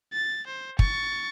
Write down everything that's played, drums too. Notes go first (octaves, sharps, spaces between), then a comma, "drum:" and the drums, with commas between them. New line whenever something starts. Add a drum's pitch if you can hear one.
A6
C5
C#6 A6, drum: kick